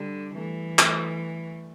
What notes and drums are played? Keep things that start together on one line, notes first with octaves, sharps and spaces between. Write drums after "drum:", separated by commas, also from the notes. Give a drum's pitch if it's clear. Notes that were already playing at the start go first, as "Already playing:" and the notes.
Already playing: D3 G3
E3 A3
A3, drum: clap